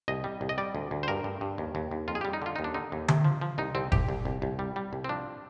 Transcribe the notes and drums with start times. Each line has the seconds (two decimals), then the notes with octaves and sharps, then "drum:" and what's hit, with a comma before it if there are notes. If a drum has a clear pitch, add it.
0.08 C2 D#5
0.24 G3
0.41 C2
0.49 D#5
0.58 G3 D5
0.75 D2
0.91 D2
1.03 C5
1.08 G2 A#4
1.24 G2
1.41 G2
1.58 D#2
1.75 D#2
1.91 D#2
2.08 F2 F4
2.15 G#4
2.21 G3 G4
2.33 D#4
2.42 D3 F4
2.56 D#2 D#4
2.64 D4
2.74 D3 D#4
2.92 D#2
3.08 C3, drum: tom D3
3.25 F3
3.41 F3
3.58 C2 D#4
3.75 C2 C4
3.92 C2 G4, drum: kick F#1
4.09 C2
4.25 C2
4.42 C2
4.59 G3
4.76 G3
4.93 C2
5.04 C4
5.09 F3 D4